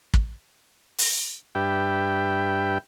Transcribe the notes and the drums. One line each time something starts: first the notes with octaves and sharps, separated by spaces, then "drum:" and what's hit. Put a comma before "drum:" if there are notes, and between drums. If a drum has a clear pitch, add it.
drum: kick
drum: open hi-hat
G2 D4 G4 B4 E5 G5